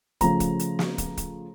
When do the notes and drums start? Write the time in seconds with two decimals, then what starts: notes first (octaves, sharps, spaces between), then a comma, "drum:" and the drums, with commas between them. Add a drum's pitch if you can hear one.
0.21 C#3 F3 A3 A#5, drum: kick, hi-hat
0.40 drum: kick, hi-hat
0.59 drum: hi-hat
0.79 drum: snare
0.98 drum: kick, hi-hat
1.17 drum: kick, hi-hat